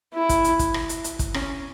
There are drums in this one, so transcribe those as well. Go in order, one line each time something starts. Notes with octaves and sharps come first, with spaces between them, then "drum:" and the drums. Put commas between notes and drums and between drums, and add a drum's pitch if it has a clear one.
E4
drum: kick, hi-hat
drum: hi-hat
drum: kick, hi-hat
drum: rim click
drum: hi-hat
drum: hi-hat
drum: kick, hi-hat
C#4, drum: rim click